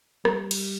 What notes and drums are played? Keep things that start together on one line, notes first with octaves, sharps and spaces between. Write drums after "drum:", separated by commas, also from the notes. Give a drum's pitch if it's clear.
G3, drum: rim click
drum: cymbal